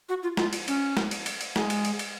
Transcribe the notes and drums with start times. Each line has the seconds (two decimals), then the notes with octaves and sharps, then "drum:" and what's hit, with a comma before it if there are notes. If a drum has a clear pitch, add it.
0.09 F#4
0.23 F4
0.37 F4, drum: snare
0.53 drum: cymbal
0.68 C#4, drum: cymbal
0.97 drum: snare
1.11 drum: cymbal
1.26 drum: cymbal
1.41 drum: cymbal
1.56 G#3, drum: snare
1.70 drum: cymbal
1.85 drum: cymbal
1.99 drum: cymbal